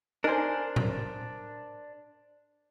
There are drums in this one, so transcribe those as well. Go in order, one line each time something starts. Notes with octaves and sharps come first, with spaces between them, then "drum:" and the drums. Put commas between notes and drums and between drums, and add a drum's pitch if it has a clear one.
D4 D#4 A#4 C5 G#5
drum: tom A2